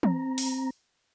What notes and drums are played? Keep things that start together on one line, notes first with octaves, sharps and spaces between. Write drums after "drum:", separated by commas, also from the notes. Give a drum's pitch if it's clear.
C4 A#5, drum: tom E3
drum: open hi-hat